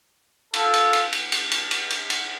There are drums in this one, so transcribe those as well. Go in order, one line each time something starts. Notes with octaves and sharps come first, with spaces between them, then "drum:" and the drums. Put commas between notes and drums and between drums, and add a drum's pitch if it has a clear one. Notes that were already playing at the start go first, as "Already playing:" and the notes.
F4 A4, drum: cymbal
drum: cymbal
drum: cymbal
drum: cymbal
drum: cymbal
drum: cymbal
drum: cymbal
drum: cymbal
drum: cymbal